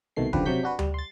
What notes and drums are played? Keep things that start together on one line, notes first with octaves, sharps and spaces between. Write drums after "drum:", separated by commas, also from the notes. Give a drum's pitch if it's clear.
C2 B2 D#3 A3 C7
C#2 D3 F3 D4 G4 B4, drum: kick E1
C3 F#3 C#6 G6 B6
D4 F#4 B4
G3, drum: tom D2
C6 A6